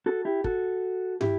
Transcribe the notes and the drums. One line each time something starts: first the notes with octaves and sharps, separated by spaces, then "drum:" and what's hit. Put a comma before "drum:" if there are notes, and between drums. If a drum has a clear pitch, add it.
F#4 A4
E4 G4
F#4 A4, drum: kick
E4 G4, drum: tom